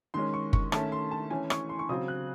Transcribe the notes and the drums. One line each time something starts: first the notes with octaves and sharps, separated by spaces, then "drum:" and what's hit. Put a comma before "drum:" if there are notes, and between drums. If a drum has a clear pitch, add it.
D#3 G#3 C#4 C6
C#6
C#6, drum: kick
D#3 A3 C#4 A5, drum: rim click
C6
A5
E3 A3 C#4 G#5
C#6, drum: rim click
C6
C#6
C#3 F#3 C4 D#6
F#6